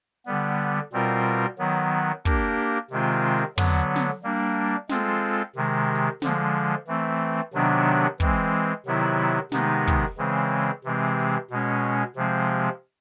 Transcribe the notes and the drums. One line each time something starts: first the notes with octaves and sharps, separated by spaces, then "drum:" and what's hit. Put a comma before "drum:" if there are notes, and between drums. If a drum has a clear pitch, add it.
D3 G3 B3
B2 G3 C4 F4 A#4
D#3 F#3 B3
A#3 D4 G4 A#4, drum: kick
C3 D#3 G#3 C4 F4
drum: hi-hat
D3 F#3 B3, drum: tom
drum: snare
G3 A#3 D4
G#3 C4 F4 A4, drum: snare
C3 D#3 G#3
drum: hi-hat
D3 F3 G#3, drum: snare
E3 A3 C4
C3 D#3 F#3 B3 D4
E3 G#3 C4, drum: kick
C3 D#3 F#3 B3 E4
C3 D#3 G#3 B3 D#4, drum: snare
drum: kick
C#3 E3 G#3 C4
C3 E3 G#3 C4
drum: hi-hat
B2 G#3 C#4
C3 F3 G#3 C4